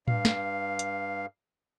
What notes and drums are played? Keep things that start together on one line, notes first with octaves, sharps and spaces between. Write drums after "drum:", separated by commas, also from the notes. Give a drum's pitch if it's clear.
G2 F5, drum: tom A2
drum: snare
drum: hi-hat